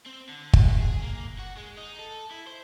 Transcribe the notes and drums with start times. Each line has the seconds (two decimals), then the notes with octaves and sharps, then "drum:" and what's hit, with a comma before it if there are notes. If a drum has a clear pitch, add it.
0.06 C4
0.29 D3
0.53 drum: kick
0.80 G#4
1.02 A#3
1.39 F#4
1.57 G#3
1.78 D#4
1.99 A4
2.31 E4
2.47 C5